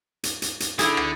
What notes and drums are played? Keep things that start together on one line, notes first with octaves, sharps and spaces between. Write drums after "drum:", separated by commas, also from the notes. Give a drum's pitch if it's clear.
drum: hi-hat
drum: hi-hat
drum: hi-hat
D3 E4 G#4, drum: hi-hat
drum: rim click